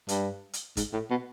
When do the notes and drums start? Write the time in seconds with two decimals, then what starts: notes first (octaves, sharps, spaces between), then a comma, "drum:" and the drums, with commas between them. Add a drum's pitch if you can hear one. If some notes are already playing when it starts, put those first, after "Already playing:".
0.09 G2, drum: hi-hat
0.53 drum: hi-hat
0.77 G#2, drum: kick, hi-hat
0.93 A2
1.10 B2